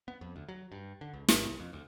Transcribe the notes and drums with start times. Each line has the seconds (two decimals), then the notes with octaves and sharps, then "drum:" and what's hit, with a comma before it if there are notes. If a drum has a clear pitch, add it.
0.08 B3
0.21 F2
0.36 D2
0.49 F#3
0.72 G2
1.01 D3
1.13 C#2
1.28 G#1, drum: snare
1.45 C2
1.60 F2
1.73 D2